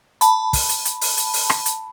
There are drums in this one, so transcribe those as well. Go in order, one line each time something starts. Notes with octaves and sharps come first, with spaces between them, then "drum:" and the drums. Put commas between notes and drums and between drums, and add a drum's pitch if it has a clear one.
A5 B5, drum: hi-hat
drum: kick, open hi-hat
drum: hi-hat
drum: hi-hat
drum: open hi-hat
drum: hi-hat
drum: open hi-hat
drum: rim click
drum: hi-hat